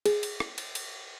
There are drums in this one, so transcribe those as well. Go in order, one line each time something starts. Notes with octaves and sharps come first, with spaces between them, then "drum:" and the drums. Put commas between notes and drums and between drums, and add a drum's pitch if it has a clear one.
G#4, drum: cymbal
drum: cymbal
drum: rim click
drum: cymbal
drum: cymbal